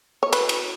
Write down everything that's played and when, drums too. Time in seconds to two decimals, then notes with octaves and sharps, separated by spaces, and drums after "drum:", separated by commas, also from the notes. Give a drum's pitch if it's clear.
0.23 C#5
0.33 B4, drum: cymbal
0.49 drum: cymbal